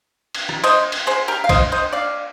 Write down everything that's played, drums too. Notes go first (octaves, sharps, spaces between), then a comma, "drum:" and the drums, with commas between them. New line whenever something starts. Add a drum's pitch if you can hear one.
drum: cymbal
drum: rim click
C5 D#5, drum: cymbal
drum: cymbal
G#4 C5
G4 A#4
F5
C5 D#5, drum: kick, cymbal
C5 D#5
D5 F5